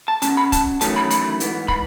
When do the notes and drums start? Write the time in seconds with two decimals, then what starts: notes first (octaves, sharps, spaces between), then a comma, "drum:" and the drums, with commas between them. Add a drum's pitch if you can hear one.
0.08 A5
0.22 B2 G#3 C#4 A5, drum: hi-hat
0.37 B5
0.52 A5, drum: kick, hi-hat
0.81 E2 D#3 F#3 A3 C#4 A5, drum: hi-hat
0.96 B5
1.10 B5, drum: hi-hat
1.40 G#2 E3 B3, drum: hi-hat
1.68 B5, drum: kick